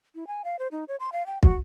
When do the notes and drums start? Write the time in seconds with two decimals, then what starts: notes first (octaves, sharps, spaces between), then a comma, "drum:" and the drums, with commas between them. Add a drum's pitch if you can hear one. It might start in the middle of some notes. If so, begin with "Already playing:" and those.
0.15 E4
0.27 G#5
0.44 F5
0.59 C5
0.72 D#4
0.88 C#5
1.00 C6
1.13 F5
1.26 G5
1.43 F#4, drum: kick